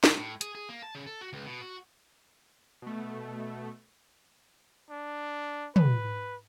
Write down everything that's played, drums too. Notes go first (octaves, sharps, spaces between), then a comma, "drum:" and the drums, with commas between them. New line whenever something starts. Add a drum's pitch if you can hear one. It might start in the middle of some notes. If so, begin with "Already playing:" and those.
C2, drum: snare
A2
G#4, drum: hi-hat
G#4
A#3
A5
C#3
A4
F#4
C#2
B2
F#4
B2 A3
D4
B4, drum: tom